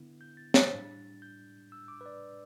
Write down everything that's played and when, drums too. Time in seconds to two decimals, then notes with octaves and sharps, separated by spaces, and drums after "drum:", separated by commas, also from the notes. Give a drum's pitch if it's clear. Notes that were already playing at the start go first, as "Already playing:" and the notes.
Already playing: D3 B3 E4
0.21 G6
0.37 A6
0.54 A6, drum: snare
0.71 A2 G3 D4
1.22 G6
1.72 E6
1.88 D6
2.01 B4
2.06 D5